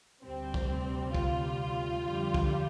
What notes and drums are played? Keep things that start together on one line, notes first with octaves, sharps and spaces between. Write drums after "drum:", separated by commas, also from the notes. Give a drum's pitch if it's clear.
D2 C3 G3 C4
drum: kick
F4, drum: kick
F2 D3 G3
drum: kick